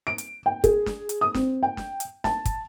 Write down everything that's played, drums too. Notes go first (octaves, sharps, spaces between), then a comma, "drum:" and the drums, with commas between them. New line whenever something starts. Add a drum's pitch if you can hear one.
D7
drum: hi-hat
G5
G#4, drum: kick, hi-hat
drum: snare
drum: hi-hat
D#6
C4, drum: snare
G5
drum: snare
drum: hi-hat
A5, drum: snare
drum: kick, hi-hat